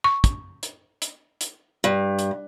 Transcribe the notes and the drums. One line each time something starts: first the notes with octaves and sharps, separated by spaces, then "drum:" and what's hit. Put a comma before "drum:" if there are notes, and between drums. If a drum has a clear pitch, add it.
C#6
drum: kick, hi-hat
drum: hi-hat
drum: hi-hat
drum: hi-hat
G2
drum: hi-hat